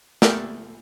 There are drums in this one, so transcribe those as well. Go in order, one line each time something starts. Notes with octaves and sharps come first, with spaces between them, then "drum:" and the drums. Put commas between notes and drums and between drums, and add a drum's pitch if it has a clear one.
A3 B3 G4 A#4 D5, drum: snare